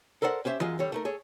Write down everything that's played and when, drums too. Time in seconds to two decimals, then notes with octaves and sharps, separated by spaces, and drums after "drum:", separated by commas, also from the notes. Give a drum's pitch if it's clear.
0.22 A4 A#4 C5 D5 F#5
0.45 C#4 G4 C5 E5
0.60 F#2 G#3 F4 D#5, drum: tom E3
0.79 D3 G3 C#5
0.92 A3 D#4 A#4
1.05 G#4 A4 C#5